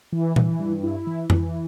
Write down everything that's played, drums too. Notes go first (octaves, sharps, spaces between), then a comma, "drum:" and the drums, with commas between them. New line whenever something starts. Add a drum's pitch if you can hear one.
E3
E3, drum: tom A#2
G2
E4
E3
E3, drum: tom F2